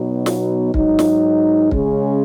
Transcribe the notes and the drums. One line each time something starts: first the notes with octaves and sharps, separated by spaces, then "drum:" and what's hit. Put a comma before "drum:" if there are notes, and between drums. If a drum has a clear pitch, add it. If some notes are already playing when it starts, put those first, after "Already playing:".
Already playing: B2 F#3 B3 D#4 F#4
drum: snare
G#2 F#3 D#4, drum: kick
drum: snare
C#3 G#3 C#4, drum: kick